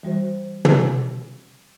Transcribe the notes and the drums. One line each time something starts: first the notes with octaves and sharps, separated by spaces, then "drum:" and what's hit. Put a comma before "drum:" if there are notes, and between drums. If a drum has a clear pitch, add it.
E3 G3 F#4 C5
drum: tom